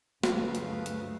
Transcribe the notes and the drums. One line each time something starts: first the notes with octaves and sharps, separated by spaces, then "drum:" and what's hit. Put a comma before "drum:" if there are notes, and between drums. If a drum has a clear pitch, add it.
D2 G2 C#3 F3 F#3 A3 B4 F5, drum: snare
drum: hi-hat
drum: hi-hat